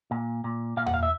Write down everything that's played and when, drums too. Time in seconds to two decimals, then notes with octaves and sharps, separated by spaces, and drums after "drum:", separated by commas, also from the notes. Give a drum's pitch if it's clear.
0.11 A#2
0.44 A#2
0.77 A#2 F5
0.86 F#5, drum: tom E2
0.94 F5
1.03 E5